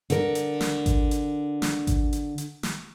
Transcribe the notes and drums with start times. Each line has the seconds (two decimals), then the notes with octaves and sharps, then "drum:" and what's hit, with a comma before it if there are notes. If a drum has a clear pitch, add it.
0.10 D3 A#4, drum: hi-hat
0.35 drum: hi-hat
0.61 drum: snare
0.86 drum: kick G#1, hi-hat
1.11 drum: hi-hat
1.62 drum: snare
1.87 drum: kick G#1, hi-hat
2.13 drum: hi-hat
2.38 drum: hi-hat
2.63 drum: snare